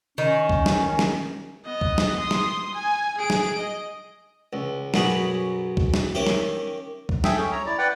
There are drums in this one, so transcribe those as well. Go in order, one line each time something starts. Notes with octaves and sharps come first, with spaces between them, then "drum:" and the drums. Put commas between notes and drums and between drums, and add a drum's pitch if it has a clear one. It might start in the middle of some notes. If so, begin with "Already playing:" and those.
D#3 C#4
drum: kick
drum: snare
drum: snare
B3 D#5
drum: kick
drum: snare
C6 D#6
drum: snare
G#5
G#4 D7
drum: snare
D#5
C#2
B1 F#2 F#3 G#4 B5, drum: snare
drum: kick
drum: snare
D#3 C#4 G4 E5 G5
drum: snare
drum: kick
G#4 A4 E5 G5, drum: snare
C#4
C#5 A#5
E4 D5
B4 D5 F#5 G5